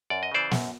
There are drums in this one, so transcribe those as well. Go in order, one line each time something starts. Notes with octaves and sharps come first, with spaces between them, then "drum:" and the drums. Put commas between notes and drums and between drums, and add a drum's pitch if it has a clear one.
F#2 D5
D#5
C#3 E3 C5 D5
F#2, drum: snare